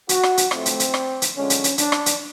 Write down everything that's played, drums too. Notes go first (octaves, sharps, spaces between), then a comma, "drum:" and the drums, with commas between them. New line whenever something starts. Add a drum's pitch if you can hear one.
F#4, drum: hi-hat
drum: rim click
drum: hi-hat
A2 F3 A3 C4, drum: rim click
drum: hi-hat
drum: hi-hat
drum: rim click
drum: hi-hat
D3 F3 G#3 C#4
drum: hi-hat
drum: hi-hat
D4, drum: hi-hat
drum: rim click
drum: hi-hat